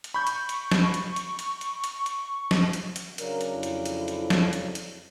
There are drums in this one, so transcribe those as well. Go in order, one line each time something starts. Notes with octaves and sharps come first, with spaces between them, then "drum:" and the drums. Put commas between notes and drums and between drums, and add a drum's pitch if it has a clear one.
drum: hi-hat
B5 C#6 G6
drum: hi-hat
drum: hi-hat
drum: snare
drum: hi-hat
drum: hi-hat
drum: hi-hat
drum: hi-hat
drum: hi-hat
drum: hi-hat
drum: snare
drum: hi-hat
drum: hi-hat
C#3 F#3 D4 A#4, drum: hi-hat
drum: hi-hat
F2 E4
drum: hi-hat
drum: hi-hat
drum: hi-hat
drum: snare
drum: hi-hat
drum: hi-hat